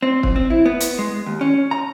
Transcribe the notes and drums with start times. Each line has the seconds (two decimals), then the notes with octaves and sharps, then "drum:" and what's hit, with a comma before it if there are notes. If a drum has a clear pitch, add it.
0.02 C4
0.23 F2, drum: kick
0.36 C4
0.50 E4
0.66 B3
0.81 drum: hi-hat
0.99 G#3
1.26 D#2
1.41 C#4
1.71 A#5